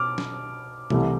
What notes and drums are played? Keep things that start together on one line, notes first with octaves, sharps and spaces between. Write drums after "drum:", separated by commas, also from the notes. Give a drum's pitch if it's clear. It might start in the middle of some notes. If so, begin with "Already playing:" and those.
Already playing: B2 D6 F6
drum: snare
C2 C3 E3 A3, drum: tom B2